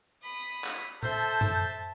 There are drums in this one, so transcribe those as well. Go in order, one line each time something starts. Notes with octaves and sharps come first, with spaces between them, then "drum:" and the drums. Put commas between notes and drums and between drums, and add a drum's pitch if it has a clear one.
B5 D#6
drum: clap
A4 C5 E5 A5 G6, drum: tom A#2
drum: tom F#2